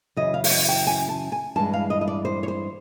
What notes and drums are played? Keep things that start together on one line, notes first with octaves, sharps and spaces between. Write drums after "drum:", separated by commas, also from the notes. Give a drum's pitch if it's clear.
F#2 C#3 E3 D#5
F5
F5, drum: open hi-hat
F#5
G5
G#5
A5
G#5
G2 E3 G#3 A5
F5
D#5
D#5
D5
C5
C#5
C5